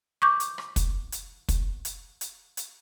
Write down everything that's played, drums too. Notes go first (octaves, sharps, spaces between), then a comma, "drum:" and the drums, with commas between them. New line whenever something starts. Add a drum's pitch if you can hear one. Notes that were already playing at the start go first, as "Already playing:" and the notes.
C#6 D6 G6
drum: hi-hat
drum: rim click
drum: kick, hi-hat
drum: hi-hat
drum: kick, hi-hat
drum: hi-hat
drum: hi-hat
drum: hi-hat